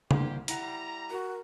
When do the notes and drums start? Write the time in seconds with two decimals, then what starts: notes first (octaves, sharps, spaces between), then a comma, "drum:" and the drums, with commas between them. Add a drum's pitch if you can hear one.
0.11 C2 A#3 G4 C5, drum: tom
0.48 G3 E4 F#5 A#5, drum: hi-hat
1.11 F#4 A#4